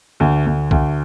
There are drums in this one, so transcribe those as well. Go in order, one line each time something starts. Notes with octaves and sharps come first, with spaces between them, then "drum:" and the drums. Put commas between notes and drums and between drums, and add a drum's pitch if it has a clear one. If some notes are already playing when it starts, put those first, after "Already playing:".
D2
D2
D2, drum: kick C2